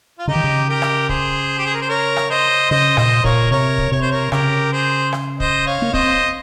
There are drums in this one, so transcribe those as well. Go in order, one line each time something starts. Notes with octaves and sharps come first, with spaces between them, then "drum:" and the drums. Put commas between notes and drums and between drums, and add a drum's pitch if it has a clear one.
F4
C#3 D#4 G4
D#3
C#3
G4 A#4
drum: rim click
G#4 C5, drum: kick
G4
G#4
A#4
C5
A#4 C#5
drum: rim click
C5 D#5
C#3 C5 D#5
A#2 C5 D#5, drum: rim click
A#2 A#4 C#5, drum: kick
C3 A#4 C#5
drum: kick
C3 C#5
C5
A#4 C#5
C#3 G4 A#4, drum: rim click
G#4 C5
drum: rim click
C5 D#5, drum: kick
C#5 F5
A#3
C4 C5 D#5, drum: kick